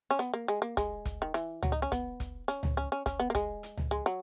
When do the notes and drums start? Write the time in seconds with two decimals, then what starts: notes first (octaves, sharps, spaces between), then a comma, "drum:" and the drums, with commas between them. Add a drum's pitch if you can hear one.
0.11 C#4
0.19 B3, drum: hi-hat
0.34 A#3
0.48 G#3
0.62 A#3
0.77 G#3, drum: kick, hi-hat
1.05 drum: kick, hi-hat
1.22 D#3
1.34 E3, drum: hi-hat
1.63 F#3, drum: tom C#2
1.72 D#4
1.82 C#4
1.92 B3, drum: kick, hi-hat
2.20 drum: kick, hi-hat
2.48 C#4, drum: hi-hat
2.63 drum: tom C#2
2.77 C#4
2.92 C#4
3.06 C#4, drum: kick, hi-hat
3.20 B3
3.30 A#3
3.35 G#3, drum: kick, hi-hat
3.63 drum: hi-hat
3.77 drum: tom C#2
3.91 G#3
4.06 F#3